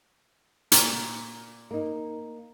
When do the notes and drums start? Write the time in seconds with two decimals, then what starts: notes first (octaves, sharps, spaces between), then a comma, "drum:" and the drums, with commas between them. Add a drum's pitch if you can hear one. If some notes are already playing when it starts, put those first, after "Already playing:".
0.72 A#2, drum: hi-hat
1.71 A#3 D#4